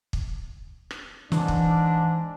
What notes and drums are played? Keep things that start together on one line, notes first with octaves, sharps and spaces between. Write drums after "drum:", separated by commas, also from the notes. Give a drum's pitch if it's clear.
drum: kick
drum: rim click
G#2 E3 D4, drum: snare
drum: kick